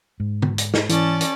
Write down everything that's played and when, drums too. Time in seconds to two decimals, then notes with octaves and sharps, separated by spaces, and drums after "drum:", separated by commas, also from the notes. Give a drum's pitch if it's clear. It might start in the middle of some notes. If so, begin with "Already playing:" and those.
0.20 G#2
0.42 drum: tom
0.58 drum: hi-hat
0.74 drum: snare
0.89 E3 C#4 D5 A5, drum: hi-hat
1.21 drum: hi-hat